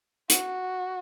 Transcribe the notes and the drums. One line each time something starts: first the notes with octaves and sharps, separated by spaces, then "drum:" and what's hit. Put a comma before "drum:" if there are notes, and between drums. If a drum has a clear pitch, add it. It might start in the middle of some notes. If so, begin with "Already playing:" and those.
F#4, drum: hi-hat